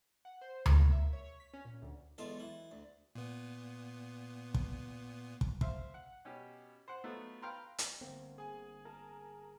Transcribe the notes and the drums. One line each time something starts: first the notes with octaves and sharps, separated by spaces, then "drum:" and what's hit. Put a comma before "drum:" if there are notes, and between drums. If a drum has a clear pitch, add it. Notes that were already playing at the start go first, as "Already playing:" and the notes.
F#5
C5
G#3, drum: tom D2
A#3
E5
C#5
C#5
B6
C#4
A#2
D2
B1 E2 G#3 F4 A4
E3
D2
A#2 B3
drum: kick
drum: kick
C5 E5 F5, drum: kick
F#5
B2 C#4 G4
C5 F#5
F#3 A3 B3 D#4 F4
B4 F5 G5 A#5 C6
drum: hi-hat
G1 D2 A#3 C4
G#4 G#5
A#4 A5